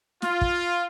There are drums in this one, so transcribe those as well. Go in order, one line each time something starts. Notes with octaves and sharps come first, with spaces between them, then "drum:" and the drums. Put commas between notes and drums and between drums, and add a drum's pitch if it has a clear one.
F4, drum: snare
drum: kick